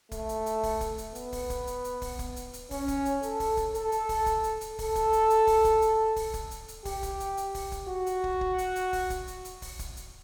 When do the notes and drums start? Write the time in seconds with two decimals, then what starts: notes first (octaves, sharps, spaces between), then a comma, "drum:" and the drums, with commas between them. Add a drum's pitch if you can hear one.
0.11 A3, drum: kick, hi-hat
0.29 drum: hi-hat
0.46 drum: hi-hat
0.63 drum: kick, open hi-hat
0.81 drum: kick, hi-hat
0.98 drum: hi-hat
1.15 B3, drum: hi-hat
1.33 drum: kick, open hi-hat
1.50 drum: kick, hi-hat
1.67 drum: hi-hat
1.84 drum: hi-hat
2.02 drum: kick, open hi-hat
2.19 drum: kick, hi-hat
2.36 drum: hi-hat
2.53 drum: hi-hat
2.71 C#4, drum: kick, open hi-hat
2.88 drum: kick, hi-hat
3.05 drum: hi-hat
3.23 A4, drum: hi-hat
3.40 drum: kick, open hi-hat
3.57 drum: kick, hi-hat
3.74 A4, drum: hi-hat
3.92 drum: hi-hat
4.09 drum: kick, open hi-hat
4.26 drum: kick, hi-hat
4.44 drum: hi-hat
4.61 drum: hi-hat
4.79 A4, drum: kick, open hi-hat
4.95 drum: kick, hi-hat
5.13 drum: hi-hat
5.30 drum: hi-hat
5.47 drum: kick, open hi-hat
5.65 drum: kick, hi-hat
5.82 drum: hi-hat
6.16 drum: kick, open hi-hat
6.34 drum: kick, hi-hat
6.51 drum: hi-hat
6.68 drum: hi-hat
6.85 G4, drum: kick, open hi-hat
7.03 drum: kick, hi-hat
7.20 drum: hi-hat
7.37 drum: hi-hat
7.55 drum: kick, open hi-hat
7.72 drum: kick, hi-hat
7.89 F#4
8.06 drum: hi-hat
8.24 drum: kick
8.41 drum: kick
8.58 drum: hi-hat
8.76 drum: hi-hat
8.93 drum: kick, open hi-hat
9.10 drum: kick, hi-hat
9.27 drum: hi-hat
9.45 drum: hi-hat
9.62 drum: kick, open hi-hat
9.79 drum: kick, hi-hat
9.97 drum: hi-hat